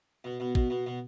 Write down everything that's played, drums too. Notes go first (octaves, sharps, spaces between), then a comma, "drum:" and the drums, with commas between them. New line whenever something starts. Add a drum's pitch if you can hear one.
B2
B2
B2, drum: kick
B2
B2